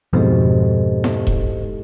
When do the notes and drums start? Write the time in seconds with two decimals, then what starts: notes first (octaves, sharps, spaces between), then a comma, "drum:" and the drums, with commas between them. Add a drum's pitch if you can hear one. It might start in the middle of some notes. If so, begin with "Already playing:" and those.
0.13 F2 G#2 B2 F#4 G4 A4
1.04 drum: snare E4
1.27 drum: kick E1